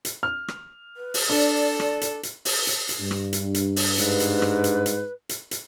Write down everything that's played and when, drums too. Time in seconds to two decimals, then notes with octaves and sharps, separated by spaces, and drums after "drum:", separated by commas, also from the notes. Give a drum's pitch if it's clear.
0.05 drum: hi-hat
0.23 F6
0.48 drum: rim click
0.97 B4
1.14 drum: open hi-hat
1.29 D4 A4 D5
1.80 drum: rim click
2.01 drum: hi-hat
2.23 drum: hi-hat
2.45 drum: open hi-hat
2.67 drum: hi-hat
2.89 drum: hi-hat
2.99 G2
3.11 drum: rim click
3.33 drum: hi-hat
3.54 drum: hi-hat
3.76 drum: open hi-hat
3.98 G#2 B4, drum: hi-hat
4.20 drum: hi-hat
4.42 drum: rim click
4.64 drum: hi-hat
4.86 drum: hi-hat
5.29 drum: hi-hat
5.51 drum: hi-hat